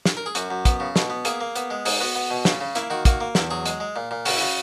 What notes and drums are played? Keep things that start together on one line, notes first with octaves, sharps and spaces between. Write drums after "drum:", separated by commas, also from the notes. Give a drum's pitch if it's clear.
drum: snare
A#4
G#4
F#2 F#4, drum: hi-hat
F#2
B3, drum: kick, hi-hat
C#3
B2, drum: snare
B3
A#3 G#4, drum: hi-hat
A#3
B3, drum: hi-hat
G#3
G#2 G#4, drum: open hi-hat
B3 F#4
B3
B2
C#3, drum: snare
C#3
A#3 E4, drum: hi-hat
D#3 F#4
A#3 F#4, drum: kick, hi-hat
A#3
E2 E4, drum: snare
F#3 G#4
G#3, drum: hi-hat
G#3
A#2
A#2
C#3 F#4, drum: open hi-hat
E4
C#3 F#4